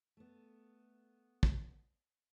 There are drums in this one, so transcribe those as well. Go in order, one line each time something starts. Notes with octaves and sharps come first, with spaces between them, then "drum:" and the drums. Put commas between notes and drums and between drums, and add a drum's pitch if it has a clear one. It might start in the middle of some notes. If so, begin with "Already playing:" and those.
A3 B3
drum: kick